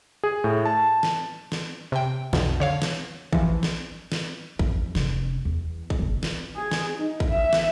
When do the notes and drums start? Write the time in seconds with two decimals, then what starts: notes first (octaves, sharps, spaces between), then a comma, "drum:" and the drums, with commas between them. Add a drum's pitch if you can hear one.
0.23 G#4
0.44 A2
0.65 A5
1.03 drum: snare
1.52 drum: snare
1.92 C3 G5
2.33 B1 F2 B2 D3, drum: snare
2.60 D3 C#5 F5
2.82 drum: snare
3.33 E3 F3, drum: kick
3.63 drum: snare
4.12 drum: snare
4.59 F2, drum: kick
4.95 F1 C#4, drum: snare
5.45 E2
5.90 drum: kick
5.99 G1 B2
6.23 drum: snare
6.56 G#4
6.71 drum: snare
6.98 D#4
7.20 drum: kick
7.29 E5
7.53 drum: snare